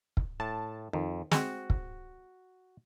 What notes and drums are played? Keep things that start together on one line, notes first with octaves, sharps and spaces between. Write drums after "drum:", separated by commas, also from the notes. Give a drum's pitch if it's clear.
drum: kick
A2 A5
F2 D#3
G#3 C4 F#4, drum: snare
drum: kick